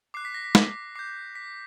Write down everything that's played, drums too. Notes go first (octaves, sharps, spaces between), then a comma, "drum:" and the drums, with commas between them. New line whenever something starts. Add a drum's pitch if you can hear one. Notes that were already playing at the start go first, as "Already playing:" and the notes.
D6 F#6 C7
B6
A#6
B6
drum: snare
D6 G6 C7
B6